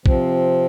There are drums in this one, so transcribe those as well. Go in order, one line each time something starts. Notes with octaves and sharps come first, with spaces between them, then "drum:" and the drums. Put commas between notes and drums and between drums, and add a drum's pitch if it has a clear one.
C3 F3 C4, drum: kick A#1